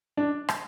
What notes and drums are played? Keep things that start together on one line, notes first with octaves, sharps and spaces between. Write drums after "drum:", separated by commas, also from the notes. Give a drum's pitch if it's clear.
D4
drum: rim click